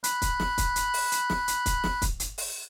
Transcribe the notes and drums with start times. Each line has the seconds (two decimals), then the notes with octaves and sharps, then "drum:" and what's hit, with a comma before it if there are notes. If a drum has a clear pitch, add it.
0.04 B5 F#6, drum: hi-hat
0.22 drum: kick, hi-hat
0.40 drum: snare
0.58 drum: kick, hi-hat
0.76 drum: hi-hat
0.94 drum: open hi-hat
1.12 drum: hi-hat
1.30 drum: snare
1.48 drum: hi-hat
1.66 drum: kick, hi-hat
1.84 drum: snare
2.02 drum: kick, hi-hat
2.20 drum: hi-hat
2.38 drum: open hi-hat